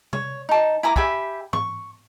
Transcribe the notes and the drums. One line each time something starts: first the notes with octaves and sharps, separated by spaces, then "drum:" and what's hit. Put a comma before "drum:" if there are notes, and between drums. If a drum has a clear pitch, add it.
C#5, drum: tom C3
D#4 A5
E4 G#5 A#5 D6
G4 E5 G#5 B5, drum: kick
C#6, drum: tom G#2